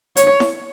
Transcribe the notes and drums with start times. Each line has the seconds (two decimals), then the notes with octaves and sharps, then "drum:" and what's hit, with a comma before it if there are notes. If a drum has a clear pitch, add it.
0.17 C#5, drum: hi-hat
0.40 drum: snare E4